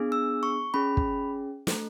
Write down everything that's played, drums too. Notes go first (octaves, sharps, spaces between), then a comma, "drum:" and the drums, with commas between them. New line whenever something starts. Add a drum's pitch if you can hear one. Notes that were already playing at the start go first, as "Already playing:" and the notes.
Already playing: B3 D4 G#4
E6
C#6
C#4 G#4 B5
drum: kick
A3 D4 A4, drum: snare